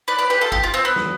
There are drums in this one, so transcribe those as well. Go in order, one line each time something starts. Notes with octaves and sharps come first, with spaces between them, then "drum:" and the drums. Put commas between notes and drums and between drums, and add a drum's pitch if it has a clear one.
B4 D5
B4 D5
G4 B4
F4 A4
G4, drum: kick G1
F4
C4
B3
drum: snare